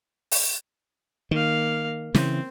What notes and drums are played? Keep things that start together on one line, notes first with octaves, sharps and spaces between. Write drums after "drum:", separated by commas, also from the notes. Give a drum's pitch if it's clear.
drum: open hi-hat
D#3 A#3 F5
C#3 E3 C4, drum: snare